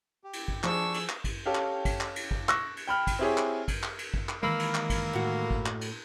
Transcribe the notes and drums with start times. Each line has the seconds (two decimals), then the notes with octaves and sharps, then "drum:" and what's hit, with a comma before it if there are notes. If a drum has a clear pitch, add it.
0.24 G4
0.33 drum: cymbal
0.48 drum: kick
0.63 F3 D4 G#4 C#6 E6, drum: clap
0.94 drum: cymbal
1.09 drum: clap
1.24 drum: kick, cymbal
1.46 C#4 G4 A4 F5 G5
1.55 drum: clap
1.85 drum: kick, cymbal
2.01 drum: clap
2.16 drum: cymbal
2.31 drum: kick
2.49 C#6 E6 F#6 A#6, drum: clap
2.77 drum: cymbal
2.87 G5 B5 F6
3.07 drum: kick, cymbal
3.19 C4 E4 G4 G#4 C#5
3.38 drum: clap
3.68 drum: kick, cymbal
3.83 drum: clap
3.98 drum: cymbal
4.14 drum: kick
4.29 drum: clap
4.43 D#3 E3 G#3 A#3 B5 E6 F6
4.59 drum: cymbal
4.75 drum: clap
4.90 drum: kick, cymbal
5.13 A2 F#4
5.51 drum: kick
5.66 drum: clap
5.81 drum: cymbal